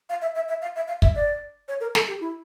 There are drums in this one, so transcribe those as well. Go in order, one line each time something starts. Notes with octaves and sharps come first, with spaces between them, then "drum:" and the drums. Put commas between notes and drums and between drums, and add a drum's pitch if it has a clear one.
F5
E5
E5
E5
F5
E5
F5
E5, drum: kick
D5
C#5
A#4
A4, drum: snare
G4
E4